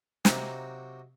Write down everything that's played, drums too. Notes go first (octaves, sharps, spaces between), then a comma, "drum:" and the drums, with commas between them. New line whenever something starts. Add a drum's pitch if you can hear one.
C3 F#3 A#3 C4 D#4 F#4, drum: snare